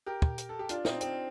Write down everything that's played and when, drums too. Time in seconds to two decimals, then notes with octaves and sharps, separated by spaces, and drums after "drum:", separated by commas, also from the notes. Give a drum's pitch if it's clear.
0.06 G4 A#4
0.22 drum: kick
0.38 drum: hi-hat
0.49 A4
0.59 G4
0.69 D4 F4, drum: hi-hat
0.85 C4 D#4, drum: snare
1.01 C4, drum: hi-hat